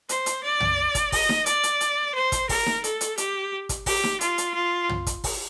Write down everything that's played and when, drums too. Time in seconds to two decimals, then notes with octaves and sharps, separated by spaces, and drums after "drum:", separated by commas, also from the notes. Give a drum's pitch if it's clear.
0.09 C5, drum: hi-hat
0.26 drum: hi-hat
0.43 D5
0.60 drum: tom
0.95 drum: kick, hi-hat
1.12 D#5, drum: kick, open hi-hat
1.29 drum: snare D#4
1.46 D5, drum: hi-hat
1.63 drum: hi-hat
1.81 drum: hi-hat
2.15 C5
2.32 drum: kick, hi-hat
2.49 A#4, drum: kick, open hi-hat
2.66 drum: snare D#4
2.84 A4, drum: hi-hat
3.01 drum: hi-hat
3.18 G4, drum: hi-hat
3.69 drum: kick, hi-hat
3.86 G4, drum: kick, open hi-hat
4.04 drum: snare D#4
4.21 F4, drum: hi-hat
4.38 drum: hi-hat
4.54 F4
4.89 drum: tom
5.07 drum: kick, hi-hat
5.24 drum: kick, open hi-hat